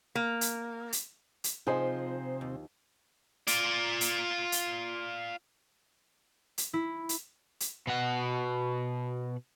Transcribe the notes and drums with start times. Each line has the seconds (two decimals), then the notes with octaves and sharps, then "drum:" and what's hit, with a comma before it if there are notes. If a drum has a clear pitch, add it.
0.15 A#3
0.41 drum: hi-hat
0.93 drum: hi-hat
1.44 drum: hi-hat
1.67 C3 F3 C4 D#4 G#4 C5
2.41 D#2
3.47 F4 D5, drum: hi-hat
4.01 drum: hi-hat
4.52 drum: hi-hat
6.58 drum: hi-hat
6.73 E4
7.09 drum: hi-hat
7.60 drum: hi-hat
7.87 B2 F#5